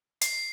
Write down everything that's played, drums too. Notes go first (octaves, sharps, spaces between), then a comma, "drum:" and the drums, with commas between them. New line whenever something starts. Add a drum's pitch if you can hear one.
C7, drum: hi-hat